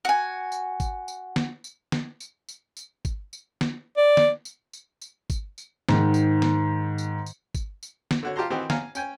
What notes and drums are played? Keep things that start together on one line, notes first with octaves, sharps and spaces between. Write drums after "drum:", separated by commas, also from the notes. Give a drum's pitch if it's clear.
F#4 G#5
drum: tambourine
drum: kick, tambourine
drum: tambourine
drum: snare
drum: tambourine
drum: snare
drum: tambourine
drum: tambourine
drum: tambourine
drum: kick, tambourine
drum: tambourine
drum: snare
D5
drum: snare
drum: tambourine
drum: tambourine
drum: tambourine
drum: kick, tambourine
drum: tambourine
G#2 D#3, drum: snare
drum: tambourine
drum: snare
drum: tambourine
drum: tambourine
drum: kick, tambourine
drum: tambourine
drum: snare
D3 F#4 C#5
F4 G4 A5 A#5 C6
D#3 E3 C4 F#4 G4 C5
F5 G#5 A#5, drum: snare
C#4 G5 G#5, drum: tambourine